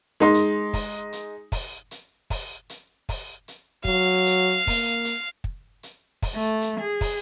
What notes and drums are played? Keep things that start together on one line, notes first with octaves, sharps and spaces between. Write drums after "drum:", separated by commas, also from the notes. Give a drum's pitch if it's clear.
G#3 D#4 C6
drum: hi-hat
drum: kick, open hi-hat
drum: hi-hat
drum: kick, open hi-hat
drum: hi-hat
drum: kick, open hi-hat
drum: hi-hat
drum: kick, open hi-hat
drum: hi-hat
F#3 F5, drum: kick
drum: hi-hat
A#3, drum: kick, open hi-hat
drum: hi-hat
drum: kick
drum: hi-hat
drum: kick, open hi-hat
A3
drum: hi-hat
G#4
drum: kick, open hi-hat